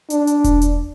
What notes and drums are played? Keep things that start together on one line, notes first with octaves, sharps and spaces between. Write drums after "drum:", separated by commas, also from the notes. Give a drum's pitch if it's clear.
D4, drum: hi-hat
drum: hi-hat
drum: kick E1, hi-hat
drum: hi-hat